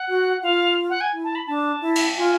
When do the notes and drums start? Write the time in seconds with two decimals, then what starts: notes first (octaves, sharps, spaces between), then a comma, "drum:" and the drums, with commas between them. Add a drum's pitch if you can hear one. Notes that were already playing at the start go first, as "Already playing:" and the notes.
Already playing: F#5
0.09 F#4
0.43 F4 F5
0.90 F#5
1.01 G#5
1.13 E4
1.24 A5
1.35 B5
1.47 D4 A5
1.81 E4
1.96 drum: cymbal
2.17 F4 G#5